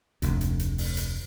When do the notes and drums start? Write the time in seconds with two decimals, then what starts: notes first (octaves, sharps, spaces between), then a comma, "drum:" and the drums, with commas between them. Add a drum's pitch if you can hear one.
0.22 F1 D2, drum: hi-hat
0.41 drum: hi-hat
0.59 drum: hi-hat
0.78 drum: open hi-hat
0.97 drum: hi-hat